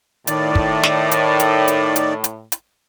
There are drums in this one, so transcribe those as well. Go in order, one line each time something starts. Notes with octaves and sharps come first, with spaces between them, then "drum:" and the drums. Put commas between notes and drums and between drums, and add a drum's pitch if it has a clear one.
A2 D#3 D5, drum: hi-hat
drum: kick
drum: snare
drum: hi-hat
drum: hi-hat
drum: hi-hat
drum: hi-hat
drum: hi-hat
drum: hi-hat